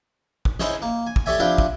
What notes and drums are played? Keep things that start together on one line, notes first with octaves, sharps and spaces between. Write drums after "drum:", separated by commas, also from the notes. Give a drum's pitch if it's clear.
drum: kick
D#4 E4 G#4 C5 C#5 D#5, drum: snare
A#3
G#5
drum: kick
G4 A4 C#5 D5 E5 G#5
F3 C4 D4 E4 F4 G4
drum: kick